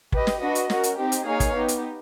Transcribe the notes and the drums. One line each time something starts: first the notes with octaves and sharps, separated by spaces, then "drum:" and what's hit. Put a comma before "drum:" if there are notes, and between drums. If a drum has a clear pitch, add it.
G4 B4 D#5, drum: kick
drum: snare
D4 F#4 B4 D#5
drum: hi-hat
C#4 F#4 A#4, drum: snare
drum: hi-hat
C4 D#4 G4
drum: hi-hat
A#3 D#4 G#4 C#5 F5
drum: kick, hi-hat
B3 D#4 G4
drum: hi-hat